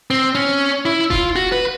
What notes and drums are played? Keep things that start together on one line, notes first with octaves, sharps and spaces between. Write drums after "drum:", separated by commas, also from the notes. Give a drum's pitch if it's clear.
C4
C#4
E4
F4, drum: kick E1
F#4
B4